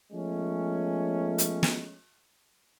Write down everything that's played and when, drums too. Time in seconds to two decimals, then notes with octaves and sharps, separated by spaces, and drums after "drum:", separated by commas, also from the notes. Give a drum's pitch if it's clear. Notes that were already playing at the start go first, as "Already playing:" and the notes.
0.13 F3 G#3 A3 B3 C#4
1.38 drum: hi-hat
1.63 drum: snare